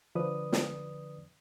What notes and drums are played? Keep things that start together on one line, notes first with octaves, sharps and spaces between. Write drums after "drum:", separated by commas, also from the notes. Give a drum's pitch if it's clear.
D3 F3 B4 D5 D#6
drum: snare